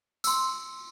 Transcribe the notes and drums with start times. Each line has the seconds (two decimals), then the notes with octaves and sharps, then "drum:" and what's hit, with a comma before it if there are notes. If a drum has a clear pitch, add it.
0.24 C6 E6, drum: tambourine